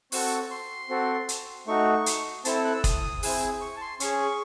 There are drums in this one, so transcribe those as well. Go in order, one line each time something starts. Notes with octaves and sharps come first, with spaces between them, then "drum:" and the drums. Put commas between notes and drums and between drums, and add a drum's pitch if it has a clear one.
C4 F#4 A4 C#6, drum: open hi-hat
C6
C4 F#4 A4
drum: hi-hat
A3 D#4 F#4 C#6
drum: hi-hat
C4 E4 A4 A5, drum: hi-hat
E6
F#6
E6
D#6, drum: kick, hi-hat
C4 E4 G#4, drum: open hi-hat
C#6
A5
C6
C#4 G#4 C#6, drum: hi-hat